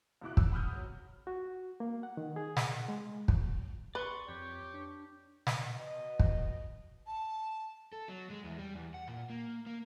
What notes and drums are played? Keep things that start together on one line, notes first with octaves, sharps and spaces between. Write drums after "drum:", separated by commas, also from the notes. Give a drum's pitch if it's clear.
C#2 B2 E4 F#4 D6 F#6
E6, drum: kick
F#5 B5 D#6 F6 G6
C3 F#3
F#4
A#3
F#5
D#3
G#4
F#5, drum: snare
G#3
drum: kick
B4 D5 C6 C#6
F2 G4 C#5
D4
drum: snare
B2 D#5
drum: kick
A5
A4
F#3
G#3
E2
G3
E2
F#5
A#2
A#3
A#3